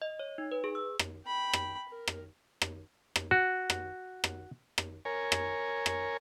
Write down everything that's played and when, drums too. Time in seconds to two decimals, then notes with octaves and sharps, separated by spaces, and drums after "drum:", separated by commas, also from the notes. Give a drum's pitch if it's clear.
0.02 D#5
0.19 C#5
0.38 D#4
0.52 B4
0.64 G#4
0.75 E6
0.99 drum: rim click
1.26 G5 B5
1.53 drum: rim click
1.89 A#4
2.08 drum: rim click
2.62 drum: rim click
3.16 drum: rim click
3.31 F#4
3.70 drum: rim click
4.24 drum: rim click
4.78 drum: rim click
5.05 A#4 C#5 G#5
5.32 drum: rim click
5.86 drum: rim click